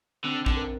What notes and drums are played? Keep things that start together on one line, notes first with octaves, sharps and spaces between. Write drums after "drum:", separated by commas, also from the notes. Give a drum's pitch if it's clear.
D3 C4
D3, drum: kick
A#4